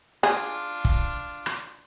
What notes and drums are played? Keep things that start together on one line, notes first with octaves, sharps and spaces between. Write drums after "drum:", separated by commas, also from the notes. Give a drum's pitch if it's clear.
D4 F4 G#4, drum: rim click
drum: kick
drum: rim click